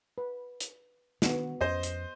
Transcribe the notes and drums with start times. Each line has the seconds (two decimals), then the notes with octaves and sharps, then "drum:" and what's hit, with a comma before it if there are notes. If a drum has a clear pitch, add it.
0.18 B4
0.60 drum: hi-hat
1.22 D#3 B3 D4 F#4, drum: snare
1.61 F2 C#4 C5 D#5
1.83 drum: hi-hat